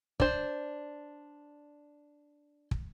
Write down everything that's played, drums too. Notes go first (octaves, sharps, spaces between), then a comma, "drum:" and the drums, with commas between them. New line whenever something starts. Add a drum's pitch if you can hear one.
D4 C5, drum: kick
drum: kick